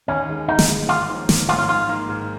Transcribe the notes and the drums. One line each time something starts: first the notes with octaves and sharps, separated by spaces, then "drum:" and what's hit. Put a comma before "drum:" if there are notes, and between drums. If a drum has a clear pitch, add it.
D#2 C#4
D#3 G#3
D#2 D#4
drum: snare
D#3 G#3
G#1 F4
G#2 F3 A#3 C#4
G#1, drum: snare
G#2 F3 A#3 C#4 F4
F4
G#2 F4
D#3 A#3
G#2